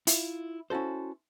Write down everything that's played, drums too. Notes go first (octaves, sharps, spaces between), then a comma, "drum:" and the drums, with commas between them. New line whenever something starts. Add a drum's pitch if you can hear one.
E4 F4, drum: hi-hat
C#4 E4 F#4 A4 C5